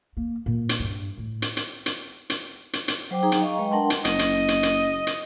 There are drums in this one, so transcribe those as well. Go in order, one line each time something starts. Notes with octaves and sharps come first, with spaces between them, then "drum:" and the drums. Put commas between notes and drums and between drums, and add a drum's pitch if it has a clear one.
A#3
A#2
drum: hi-hat
G2
A2
drum: hi-hat
drum: hi-hat
drum: hi-hat
drum: hi-hat
drum: hi-hat
drum: hi-hat
F#3 C5 G5 D6
F#3 D#4 G#4 G5 A#5
drum: hi-hat
D#5 F5 A#5 C#6
G#3 B4 D#5 G5
D4 A#4 F#5 G5 A5 C6
drum: hi-hat
F#1 D#5, drum: hi-hat
drum: hi-hat
drum: hi-hat
drum: hi-hat
drum: hi-hat